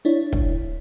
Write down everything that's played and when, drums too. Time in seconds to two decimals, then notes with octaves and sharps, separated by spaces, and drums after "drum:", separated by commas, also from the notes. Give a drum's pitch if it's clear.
0.05 D4 E4 C#5
0.33 drum: kick